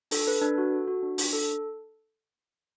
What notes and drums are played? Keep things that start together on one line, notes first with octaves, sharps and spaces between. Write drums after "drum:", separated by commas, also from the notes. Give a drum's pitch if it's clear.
D4 A4, drum: open hi-hat
A4 B4
D4 B4
F#4
A4
F#4
D4
D4, drum: open hi-hat
A4